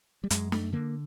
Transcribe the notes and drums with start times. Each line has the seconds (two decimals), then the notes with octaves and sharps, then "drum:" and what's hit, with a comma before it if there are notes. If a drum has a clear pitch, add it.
0.24 G3
0.30 F#2 G#3, drum: hi-hat
0.52 A3, drum: snare
0.73 D3 A#3